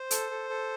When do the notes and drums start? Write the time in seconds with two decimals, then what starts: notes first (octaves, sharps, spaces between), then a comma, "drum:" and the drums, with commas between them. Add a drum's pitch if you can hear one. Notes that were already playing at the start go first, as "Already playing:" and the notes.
Already playing: C5
0.11 A4, drum: hi-hat
0.31 A4
0.50 A4